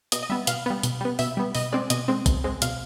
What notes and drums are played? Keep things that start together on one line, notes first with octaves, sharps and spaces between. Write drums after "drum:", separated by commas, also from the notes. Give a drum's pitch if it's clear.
B2 D#5, drum: hi-hat
D#5
G3 B3 E5
B2 F5, drum: hi-hat
G3 B3
B2, drum: hi-hat
G3 B3
B2 E5, drum: open hi-hat
G3 B3
B2 D#5, drum: open hi-hat
G#3 C4 D5
B2 D#5, drum: hi-hat
G#3 C4
B2, drum: kick, hi-hat
G#3 C4
B2 F5, drum: hi-hat